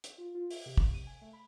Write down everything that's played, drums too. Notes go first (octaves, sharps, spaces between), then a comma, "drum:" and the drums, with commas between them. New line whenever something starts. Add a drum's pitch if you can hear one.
drum: hi-hat
F4
F4
E5, drum: open hi-hat
C3
C3, drum: kick
D#7
G#5
A3
B5